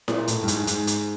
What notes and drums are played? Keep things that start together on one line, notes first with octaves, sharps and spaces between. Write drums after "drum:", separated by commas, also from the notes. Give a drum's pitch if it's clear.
A#2, drum: snare E4
A2, drum: hi-hat
G2
G#2, drum: hi-hat
G#2, drum: hi-hat
drum: hi-hat